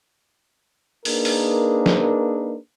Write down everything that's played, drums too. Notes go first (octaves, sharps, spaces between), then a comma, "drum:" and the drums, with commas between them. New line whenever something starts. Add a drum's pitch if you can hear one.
A#3 D4 D#4 G#4 A#4 B4, drum: open hi-hat
drum: open hi-hat
drum: snare